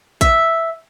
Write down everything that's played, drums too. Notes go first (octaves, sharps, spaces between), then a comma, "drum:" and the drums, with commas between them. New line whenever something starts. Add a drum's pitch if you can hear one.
E5, drum: kick, hi-hat